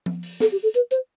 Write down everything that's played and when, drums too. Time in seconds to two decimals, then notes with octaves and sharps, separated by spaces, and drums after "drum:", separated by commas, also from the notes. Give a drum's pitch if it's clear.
0.06 drum: tom F3
0.23 drum: open hi-hat
0.40 A4, drum: snare
0.52 G4
0.63 A4
0.74 B4, drum: hi-hat
0.91 C5, drum: hi-hat